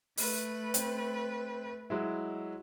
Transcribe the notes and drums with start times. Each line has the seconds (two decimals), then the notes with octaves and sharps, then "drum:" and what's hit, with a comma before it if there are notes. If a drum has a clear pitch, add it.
0.17 A3 B4, drum: open hi-hat
0.74 C4, drum: hi-hat
1.90 F#3 G#3 E4